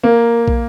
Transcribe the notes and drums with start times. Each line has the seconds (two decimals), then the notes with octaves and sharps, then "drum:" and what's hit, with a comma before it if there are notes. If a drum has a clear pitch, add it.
0.03 A#3
0.48 drum: kick